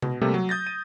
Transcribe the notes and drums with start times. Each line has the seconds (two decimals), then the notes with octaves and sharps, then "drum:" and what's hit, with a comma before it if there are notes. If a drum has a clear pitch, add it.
0.02 B2, drum: tom C3
0.21 C3 G3 A3 A#3
0.34 F#3
0.49 D#6 G6 A6 A#6
0.67 D#7